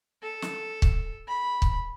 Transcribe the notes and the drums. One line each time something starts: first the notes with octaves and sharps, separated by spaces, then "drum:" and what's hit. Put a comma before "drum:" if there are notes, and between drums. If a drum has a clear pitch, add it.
A4
drum: snare
drum: kick
B5
drum: kick